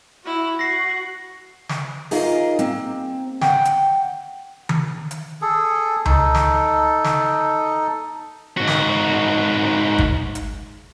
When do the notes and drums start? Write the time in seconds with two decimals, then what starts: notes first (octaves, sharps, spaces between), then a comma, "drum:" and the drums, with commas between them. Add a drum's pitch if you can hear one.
0.24 E4 F#4
0.59 F#4 A#6 C7
1.69 drum: snare
2.11 D#4 F4 G#4 A#4 D#5 F5, drum: open hi-hat
2.59 A#3 C4, drum: hi-hat
3.41 F#5 G5, drum: snare
3.65 drum: hi-hat
4.69 drum: tom D#3
5.11 drum: hi-hat
5.42 G#4 A4
6.06 D#4 A4, drum: tom C#2
6.35 drum: snare
7.04 drum: snare
8.57 G#2 F#4
8.68 drum: snare
9.98 drum: kick
10.35 drum: hi-hat